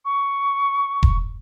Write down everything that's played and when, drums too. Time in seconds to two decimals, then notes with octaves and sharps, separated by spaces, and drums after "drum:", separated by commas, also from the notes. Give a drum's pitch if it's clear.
0.05 C#6
1.03 drum: kick E1